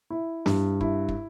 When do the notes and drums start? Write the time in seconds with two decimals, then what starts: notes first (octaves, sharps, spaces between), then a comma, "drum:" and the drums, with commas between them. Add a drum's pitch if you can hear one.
0.10 E4
0.46 G2, drum: snare
0.81 E4, drum: kick
1.09 drum: kick